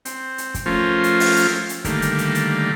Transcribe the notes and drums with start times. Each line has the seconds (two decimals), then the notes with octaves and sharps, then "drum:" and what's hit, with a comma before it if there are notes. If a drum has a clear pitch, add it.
0.05 C4, drum: hi-hat
0.38 drum: hi-hat
0.54 drum: kick, hi-hat
0.66 F3 A3 C#4 F4 A#4 C5
1.04 drum: hi-hat
1.20 drum: open hi-hat
1.36 drum: hi-hat
1.69 drum: hi-hat
1.85 D3 D#3 G3 A3 A#3, drum: kick, hi-hat
2.02 drum: hi-hat
2.18 drum: hi-hat
2.35 drum: hi-hat